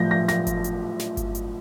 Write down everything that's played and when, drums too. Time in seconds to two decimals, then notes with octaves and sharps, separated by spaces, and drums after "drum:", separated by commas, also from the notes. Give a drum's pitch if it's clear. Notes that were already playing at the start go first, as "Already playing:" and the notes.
Already playing: A2 F3 G6 A#6
0.11 A#6
0.28 A#6, drum: snare
0.47 drum: kick G1, hi-hat
0.64 drum: hi-hat
0.99 drum: snare
1.17 drum: kick G1, hi-hat
1.35 drum: hi-hat